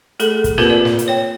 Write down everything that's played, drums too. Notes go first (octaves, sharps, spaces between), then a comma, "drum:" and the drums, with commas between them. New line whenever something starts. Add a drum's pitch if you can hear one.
A3 G#4 A4, drum: hi-hat
drum: kick, hi-hat
A#3 C4 F4 G4 A#4 B4, drum: snare
B4 D5
drum: snare
drum: hi-hat
C#5 G5